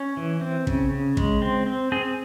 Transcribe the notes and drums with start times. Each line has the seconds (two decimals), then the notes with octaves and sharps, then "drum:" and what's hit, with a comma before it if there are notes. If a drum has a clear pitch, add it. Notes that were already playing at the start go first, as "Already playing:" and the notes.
Already playing: C#4
0.17 E3
0.41 C4
0.67 C#3, drum: kick
0.91 C#3
1.17 G#3, drum: kick
1.42 C4
1.66 C4
1.92 C4 G#4